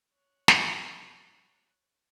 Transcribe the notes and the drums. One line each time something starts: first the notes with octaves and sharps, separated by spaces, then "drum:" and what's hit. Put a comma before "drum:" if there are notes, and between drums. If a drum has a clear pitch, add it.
C#5 F#6
drum: snare